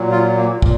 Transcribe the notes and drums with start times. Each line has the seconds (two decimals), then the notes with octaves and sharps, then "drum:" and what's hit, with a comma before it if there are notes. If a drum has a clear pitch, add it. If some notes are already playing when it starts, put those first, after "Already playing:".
Already playing: A#2 F#3
0.12 F4
0.37 A#3
0.62 A#2, drum: kick